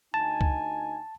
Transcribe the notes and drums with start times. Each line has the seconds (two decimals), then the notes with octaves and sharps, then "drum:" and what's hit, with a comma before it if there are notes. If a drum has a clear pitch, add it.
0.14 D2 D#4 G#5 A5
0.41 drum: kick C#2